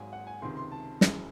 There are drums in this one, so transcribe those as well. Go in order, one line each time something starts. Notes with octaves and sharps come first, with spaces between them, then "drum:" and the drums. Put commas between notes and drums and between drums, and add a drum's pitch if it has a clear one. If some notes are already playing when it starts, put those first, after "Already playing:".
Already playing: G#1 G#2 F#3 G#5
F#5
G#5
C#2 C3 D#3 C6
C6
A5
F#1 F#2 E3 G#3, drum: snare